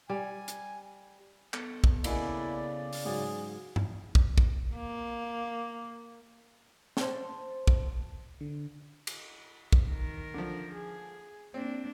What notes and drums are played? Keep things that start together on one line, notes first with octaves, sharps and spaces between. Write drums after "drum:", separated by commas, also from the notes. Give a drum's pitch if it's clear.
G3 G#5
drum: hi-hat
B3 A4, drum: clap
drum: kick
C#3 A#3 E4 D5 D#5 G#5, drum: cymbal
drum: open hi-hat
G#2 F#3 G#4
drum: tom G2
drum: kick
drum: kick
A#3
C5 A5, drum: snare
drum: kick
D3
drum: cymbal
drum: kick
D#3 A#4
D3 F3
G#4
A#3 C4 D4